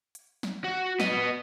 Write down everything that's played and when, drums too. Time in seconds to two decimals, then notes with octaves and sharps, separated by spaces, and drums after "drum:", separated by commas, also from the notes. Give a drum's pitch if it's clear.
0.15 drum: hi-hat
0.43 drum: snare
0.64 F#4
1.00 B3 D#5, drum: snare